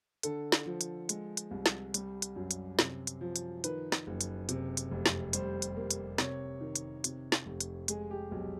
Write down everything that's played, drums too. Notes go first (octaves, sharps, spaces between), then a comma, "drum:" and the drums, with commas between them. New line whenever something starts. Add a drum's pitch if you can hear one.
D3 A4, drum: hi-hat
drum: snare
F3
drum: hi-hat
G#3, drum: hi-hat
drum: hi-hat
C2
drum: snare
G3, drum: hi-hat
drum: hi-hat
F#2
drum: hi-hat
C3, drum: snare
drum: hi-hat
F3
drum: hi-hat
D#3 B4, drum: hi-hat
drum: snare
F#1
drum: hi-hat
C3, drum: hi-hat
drum: hi-hat
F1
drum: snare
G3 C5, drum: hi-hat
drum: hi-hat
A#3
drum: hi-hat
C3 C#5, drum: snare
D#3
drum: hi-hat
C3, drum: hi-hat
drum: snare
F1
drum: hi-hat
G#3 G#4, drum: hi-hat
G4
B1